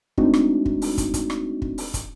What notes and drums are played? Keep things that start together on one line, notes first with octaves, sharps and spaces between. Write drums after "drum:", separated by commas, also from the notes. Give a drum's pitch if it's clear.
G#3 A3 C4 D4 D#4 F#4, drum: kick
drum: rim click
drum: kick
drum: open hi-hat
drum: kick, hi-hat
drum: kick, hi-hat
drum: rim click
drum: kick
drum: open hi-hat
drum: kick, hi-hat